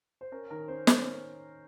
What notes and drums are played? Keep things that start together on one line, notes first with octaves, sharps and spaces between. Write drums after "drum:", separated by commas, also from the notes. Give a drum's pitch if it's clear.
C5
C#4 A#4
D#3 A#4
C#4 C5
C#4 C5, drum: snare